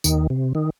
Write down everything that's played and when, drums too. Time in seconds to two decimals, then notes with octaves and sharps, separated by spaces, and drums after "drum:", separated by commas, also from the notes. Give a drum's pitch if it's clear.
0.04 D#2 D#3, drum: tambourine
0.30 C3
0.55 D#3